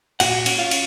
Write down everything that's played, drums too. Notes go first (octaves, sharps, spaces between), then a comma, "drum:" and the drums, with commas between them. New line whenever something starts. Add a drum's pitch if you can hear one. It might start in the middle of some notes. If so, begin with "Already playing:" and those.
A#2 F#4 F#5, drum: cymbal
C#4, drum: cymbal
F4 F5
drum: cymbal